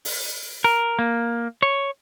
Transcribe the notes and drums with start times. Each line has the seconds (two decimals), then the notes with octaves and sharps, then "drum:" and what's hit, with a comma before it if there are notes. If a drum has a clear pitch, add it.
0.05 drum: open hi-hat
0.64 A#4
0.99 A#3
1.62 C#5